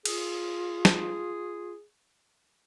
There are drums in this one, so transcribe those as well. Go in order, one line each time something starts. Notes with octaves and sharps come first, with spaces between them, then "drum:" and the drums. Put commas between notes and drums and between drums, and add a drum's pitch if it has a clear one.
F4 G#4, drum: cymbal
drum: snare